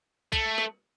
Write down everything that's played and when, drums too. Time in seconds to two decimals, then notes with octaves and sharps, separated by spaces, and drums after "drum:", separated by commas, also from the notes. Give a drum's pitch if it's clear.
0.32 A3, drum: kick, hi-hat
0.58 drum: rim click